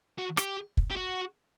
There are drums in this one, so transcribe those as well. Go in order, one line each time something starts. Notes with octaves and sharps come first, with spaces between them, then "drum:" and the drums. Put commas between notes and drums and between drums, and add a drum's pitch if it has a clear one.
F#4
G4, drum: rim click
drum: kick
G4
F#4